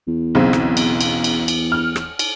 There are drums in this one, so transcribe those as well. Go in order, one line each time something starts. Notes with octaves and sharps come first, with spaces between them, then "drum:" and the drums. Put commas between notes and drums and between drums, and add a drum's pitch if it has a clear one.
E2
B1 C#3 C4
drum: rim click
drum: cymbal
drum: cymbal
drum: cymbal
drum: cymbal
F6
drum: rim click
drum: cymbal